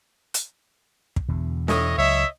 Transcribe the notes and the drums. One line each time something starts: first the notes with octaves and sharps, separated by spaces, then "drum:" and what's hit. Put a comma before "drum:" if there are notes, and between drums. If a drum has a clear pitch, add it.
drum: hi-hat
drum: kick
E2 B2 D3
A2 C#5 D#5, drum: snare
C#2 F#3 C#5 D#5 E5